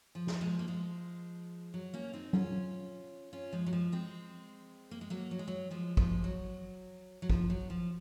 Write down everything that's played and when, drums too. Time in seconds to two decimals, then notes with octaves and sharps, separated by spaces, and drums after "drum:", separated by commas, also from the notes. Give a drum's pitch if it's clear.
0.15 F3
0.27 drum: snare
0.41 F3 G#3
0.59 A#3
0.68 F3 G#3
1.74 F#3
1.94 A#3 C#4
2.13 C4 D#4
2.33 C#4 F4, drum: tom F#3
3.33 C#4 F4
3.52 F3 G#3
3.66 F#3
3.73 F3 G#3
3.92 G#3 C4
4.91 A#3
5.01 G#3
5.10 F#3 A#3
5.31 F#3
5.39 G#3
5.48 F#3
5.71 F3 G#3
5.97 F3 G#3, drum: kick
6.24 F#3
7.22 F#3
7.30 F3, drum: kick
7.50 F#3
7.70 F3